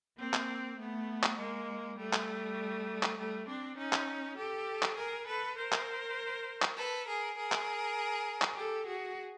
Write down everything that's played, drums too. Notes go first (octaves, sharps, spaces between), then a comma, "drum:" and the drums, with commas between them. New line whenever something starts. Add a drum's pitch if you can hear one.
A#3 C4
drum: clap
A3 B3
drum: clap
G#3 A#3
G3 A3
drum: clap
drum: clap
G3 A3
C4 D4
C#4 D#4
drum: clap
G4 A4
drum: clap
G#4 A#4
A4 B4
A#4 C5
drum: clap
drum: clap
A4 B4
G#4 A#4
G#4 A#4
drum: clap
drum: clap
G4 A4
F#4 G#4